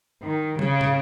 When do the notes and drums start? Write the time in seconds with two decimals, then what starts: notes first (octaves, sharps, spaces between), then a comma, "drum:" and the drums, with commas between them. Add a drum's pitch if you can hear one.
0.23 D#3
0.59 C#3, drum: tom
0.81 drum: tom